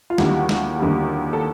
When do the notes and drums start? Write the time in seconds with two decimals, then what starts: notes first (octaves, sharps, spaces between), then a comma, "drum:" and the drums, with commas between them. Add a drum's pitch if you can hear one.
0.10 F4
0.18 D#2 D3 G3 E4 F#4, drum: snare
0.49 drum: snare
0.79 D#2 D3 G3
1.33 A4